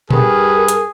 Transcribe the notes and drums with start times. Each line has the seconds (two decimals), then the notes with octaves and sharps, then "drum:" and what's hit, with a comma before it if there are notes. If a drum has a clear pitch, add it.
0.10 G2 G#4 A#4, drum: tom A#2
0.68 drum: hi-hat